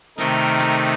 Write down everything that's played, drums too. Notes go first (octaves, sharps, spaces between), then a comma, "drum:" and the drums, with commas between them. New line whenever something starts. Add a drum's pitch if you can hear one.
C3 D#3 A3 D#4 A#4, drum: hi-hat
drum: hi-hat